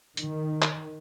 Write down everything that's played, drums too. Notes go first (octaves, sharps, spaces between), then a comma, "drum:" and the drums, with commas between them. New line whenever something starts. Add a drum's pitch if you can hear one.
D#3, drum: hi-hat
drum: clap